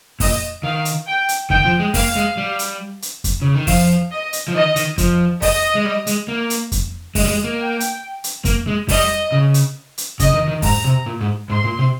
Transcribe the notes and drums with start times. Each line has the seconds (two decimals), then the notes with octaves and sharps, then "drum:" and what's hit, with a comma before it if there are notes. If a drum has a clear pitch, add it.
0.20 A#2 D#5, drum: kick F2, open hi-hat
0.63 D#3 F5
0.85 drum: hi-hat
1.07 G5
1.29 drum: hi-hat
1.50 D#3 G5, drum: kick F2
1.65 F3
1.79 G#3
1.94 A#3 F5, drum: kick F2, open hi-hat
2.16 G#3
2.37 G3
2.59 drum: hi-hat
3.02 drum: hi-hat
3.24 drum: kick F2, hi-hat
3.42 C#3
3.55 D#3
3.67 F3 F5, drum: kick F2, open hi-hat
4.12 D#5
4.33 drum: hi-hat
4.48 F3
4.54 D#3 D#5
4.76 D#3, drum: hi-hat
4.98 F3, drum: kick F2, hi-hat
5.42 D#5, drum: kick F2, open hi-hat
5.75 G#3
5.85 G3
6.07 G#3, drum: hi-hat
6.28 A#3
6.50 drum: hi-hat
6.72 drum: kick F2, hi-hat
7.15 G#3 D#5, drum: kick F2, open hi-hat
7.24 G3
7.29 G#3
7.44 A#3
7.58 G5
7.80 drum: hi-hat
8.24 drum: hi-hat
8.45 A#3, drum: kick F2, hi-hat
8.67 G#3
8.89 G3 D#5, drum: kick F2, open hi-hat
9.32 C#3
9.54 drum: hi-hat
9.98 drum: hi-hat
10.19 C#3 D#5, drum: kick F2, hi-hat
10.34 D#3
10.48 D#3
10.62 G#2 A#5, drum: kick F2, open hi-hat
10.84 C3
11.06 A#2
11.21 G#2
11.50 G#2 C6
11.64 A#2
11.79 C3